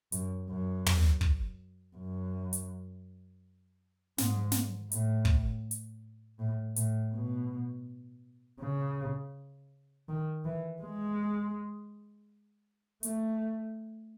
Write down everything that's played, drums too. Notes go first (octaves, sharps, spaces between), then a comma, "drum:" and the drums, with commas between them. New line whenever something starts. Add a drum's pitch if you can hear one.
F#2, drum: hi-hat
F#2
drum: tom
drum: kick
F#2
drum: hi-hat
G#2, drum: snare
drum: snare
A2, drum: hi-hat
drum: kick
drum: hi-hat
A2
A2, drum: hi-hat
B2
C#3
D#3
E3
G#3
A3, drum: hi-hat